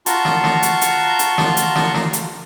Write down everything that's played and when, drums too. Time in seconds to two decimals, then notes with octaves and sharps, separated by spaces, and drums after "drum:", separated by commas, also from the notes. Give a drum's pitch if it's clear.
0.06 F4 F#4 A5 A#5 C6 C#6, drum: hi-hat
0.25 drum: snare
0.44 drum: snare
0.63 drum: hi-hat
0.81 drum: hi-hat
1.19 drum: hi-hat
1.38 drum: snare
1.57 drum: hi-hat
1.76 drum: snare
1.94 drum: snare
2.13 drum: hi-hat